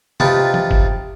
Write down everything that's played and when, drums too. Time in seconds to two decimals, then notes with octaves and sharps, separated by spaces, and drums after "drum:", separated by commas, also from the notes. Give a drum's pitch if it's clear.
0.20 C3 D#4 F4 B4 A5, drum: tom
0.54 drum: tom
0.71 drum: kick